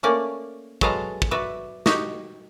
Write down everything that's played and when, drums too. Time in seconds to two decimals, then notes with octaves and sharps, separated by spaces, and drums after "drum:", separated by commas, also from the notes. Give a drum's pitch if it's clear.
0.03 A3 A#3 C#4 D5
0.81 F#3 G#3 A4 B4 F5 A#5, drum: kick
1.22 drum: kick
1.31 F#4 B4 D5 E5
1.86 D#4 F#4 G4, drum: snare